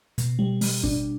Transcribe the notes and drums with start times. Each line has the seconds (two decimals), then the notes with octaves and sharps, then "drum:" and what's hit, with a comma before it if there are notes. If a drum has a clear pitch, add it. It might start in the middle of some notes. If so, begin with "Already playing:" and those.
0.18 B2, drum: hi-hat
0.39 G3
0.61 G3, drum: open hi-hat
0.83 D4, drum: kick